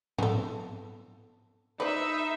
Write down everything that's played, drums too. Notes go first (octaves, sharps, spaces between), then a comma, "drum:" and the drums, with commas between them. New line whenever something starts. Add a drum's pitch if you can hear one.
B3 A4, drum: tom
D#4 B4 C5 D5 E5